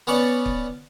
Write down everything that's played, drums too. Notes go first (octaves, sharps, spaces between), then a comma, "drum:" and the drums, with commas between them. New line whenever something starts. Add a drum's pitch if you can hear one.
B3 C#4 C#5 D5
drum: kick C#1